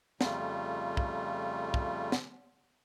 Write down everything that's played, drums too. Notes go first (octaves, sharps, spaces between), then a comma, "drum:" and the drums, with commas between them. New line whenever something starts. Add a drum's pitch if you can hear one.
F2 C#3 G3 A3 F4, drum: snare
drum: kick
drum: kick
drum: snare